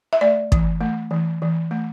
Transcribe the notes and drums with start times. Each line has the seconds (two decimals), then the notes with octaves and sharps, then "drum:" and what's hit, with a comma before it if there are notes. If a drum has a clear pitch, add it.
0.13 E5
0.21 A3 D5
0.52 E3, drum: kick
0.81 A3
1.11 E3
1.42 E3
1.71 A3